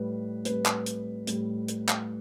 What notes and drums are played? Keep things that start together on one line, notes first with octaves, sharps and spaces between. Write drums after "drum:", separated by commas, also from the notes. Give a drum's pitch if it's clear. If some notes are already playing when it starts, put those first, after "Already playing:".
Already playing: A2 G3 B4
A2 G3 B4, drum: hi-hat
drum: clap
drum: hi-hat
A2 G3, drum: hi-hat
drum: hi-hat
drum: clap